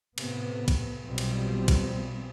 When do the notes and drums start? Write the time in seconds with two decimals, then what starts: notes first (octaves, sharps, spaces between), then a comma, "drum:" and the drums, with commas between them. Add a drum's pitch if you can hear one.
0.18 A2 C3 B3, drum: cymbal
0.68 drum: kick, cymbal
1.05 B1 B2 F3 G3 C4
1.18 drum: cymbal
1.68 drum: kick, cymbal